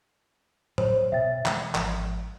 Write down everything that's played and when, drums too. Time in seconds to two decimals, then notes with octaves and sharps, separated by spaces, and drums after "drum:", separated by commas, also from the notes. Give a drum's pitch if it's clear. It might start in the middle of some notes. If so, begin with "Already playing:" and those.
0.78 F#3 C5 C#5, drum: tom A2
1.12 B2 E5 G5 A6
1.46 E3 G#3, drum: clap
1.75 G#1 F3, drum: clap